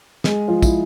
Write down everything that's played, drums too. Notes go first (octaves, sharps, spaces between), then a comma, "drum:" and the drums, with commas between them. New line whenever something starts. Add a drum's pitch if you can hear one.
G#3 G#4, drum: snare
F3 F4
E4, drum: kick, tambourine